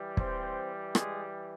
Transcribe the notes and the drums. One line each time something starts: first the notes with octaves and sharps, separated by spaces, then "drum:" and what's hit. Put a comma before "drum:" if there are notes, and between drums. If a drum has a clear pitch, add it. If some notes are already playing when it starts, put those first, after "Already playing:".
Already playing: E3 G3
C4 C5, drum: kick
G#3 G#4, drum: rim click